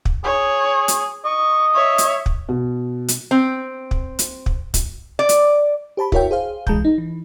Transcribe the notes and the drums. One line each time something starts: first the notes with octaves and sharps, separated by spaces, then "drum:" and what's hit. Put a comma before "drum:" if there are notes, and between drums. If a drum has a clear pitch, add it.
drum: kick
G#4 C#5
drum: hi-hat
D#5 C#6
C#5 E5
drum: hi-hat
drum: kick
B2
drum: hi-hat
C4
drum: kick
drum: hi-hat
drum: kick
drum: kick, hi-hat
D5
drum: hi-hat
G4 C5 A5 B5
E4 F#4 A#4 C#5 E5 G5, drum: kick
G#4 C5 F5
B1 E3 G#3 A5 A#5 G6, drum: kick
D#4
E3